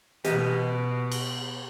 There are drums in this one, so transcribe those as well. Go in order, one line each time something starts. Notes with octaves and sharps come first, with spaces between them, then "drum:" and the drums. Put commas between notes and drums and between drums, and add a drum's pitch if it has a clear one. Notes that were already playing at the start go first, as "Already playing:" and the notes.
B2 B3 G4 D#5, drum: hi-hat
drum: cymbal